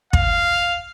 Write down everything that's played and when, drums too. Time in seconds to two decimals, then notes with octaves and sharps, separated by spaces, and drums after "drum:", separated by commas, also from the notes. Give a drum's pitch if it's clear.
0.13 F5, drum: kick